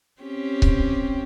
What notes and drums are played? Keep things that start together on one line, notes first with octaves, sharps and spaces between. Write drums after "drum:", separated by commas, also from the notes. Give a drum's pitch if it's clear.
C4 C#4 G4
drum: kick C#1